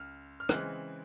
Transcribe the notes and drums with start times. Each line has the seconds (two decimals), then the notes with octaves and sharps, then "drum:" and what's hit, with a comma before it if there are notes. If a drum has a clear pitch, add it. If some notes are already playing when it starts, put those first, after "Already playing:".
Already playing: C#2 F6
0.40 F6
0.49 C#3 E3 G#3 C4 F#6, drum: rim click